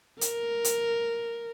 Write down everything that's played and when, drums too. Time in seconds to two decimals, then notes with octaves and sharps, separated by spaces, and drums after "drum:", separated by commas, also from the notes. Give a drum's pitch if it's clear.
0.21 A#4, drum: hi-hat
0.65 drum: hi-hat